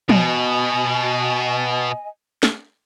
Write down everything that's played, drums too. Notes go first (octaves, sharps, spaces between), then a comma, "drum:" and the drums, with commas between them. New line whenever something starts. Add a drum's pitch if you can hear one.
B2 D#5 G#5, drum: tom
drum: snare